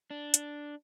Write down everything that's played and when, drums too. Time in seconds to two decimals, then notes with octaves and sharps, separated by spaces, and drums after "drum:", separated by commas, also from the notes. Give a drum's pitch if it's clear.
0.11 D4
0.34 drum: hi-hat